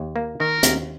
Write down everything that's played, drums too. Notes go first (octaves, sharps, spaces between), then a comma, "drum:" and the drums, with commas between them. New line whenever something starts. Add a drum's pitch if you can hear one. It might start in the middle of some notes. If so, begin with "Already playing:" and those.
Already playing: D#2
A#3
D#3 A#4
D#2, drum: hi-hat